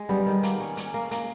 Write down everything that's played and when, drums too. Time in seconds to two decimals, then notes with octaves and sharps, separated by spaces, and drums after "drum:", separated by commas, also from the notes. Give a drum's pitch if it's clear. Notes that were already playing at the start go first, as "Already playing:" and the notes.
Already playing: G#3
0.09 G3 B3
0.26 D#3
0.43 A#3, drum: hi-hat
0.60 C#4
0.77 C#4, drum: hi-hat
0.94 A#3
1.11 A#3, drum: hi-hat